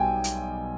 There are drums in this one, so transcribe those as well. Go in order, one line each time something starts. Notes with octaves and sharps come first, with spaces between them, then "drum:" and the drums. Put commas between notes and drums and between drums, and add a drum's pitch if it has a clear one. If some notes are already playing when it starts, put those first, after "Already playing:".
Already playing: B1 B2 G3 G5 G#5
drum: hi-hat